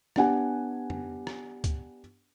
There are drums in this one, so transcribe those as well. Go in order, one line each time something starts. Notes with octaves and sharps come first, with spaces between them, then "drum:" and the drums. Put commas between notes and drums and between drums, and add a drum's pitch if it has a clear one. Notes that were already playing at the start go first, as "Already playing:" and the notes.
B3 D4 G4 F#5 G#5, drum: rim click
drum: tom
drum: rim click
drum: kick, hi-hat